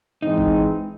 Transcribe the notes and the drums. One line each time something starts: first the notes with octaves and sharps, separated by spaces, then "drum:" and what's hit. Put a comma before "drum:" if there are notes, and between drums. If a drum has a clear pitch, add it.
G#2 E3 G#3 C4 D#4
drum: kick G1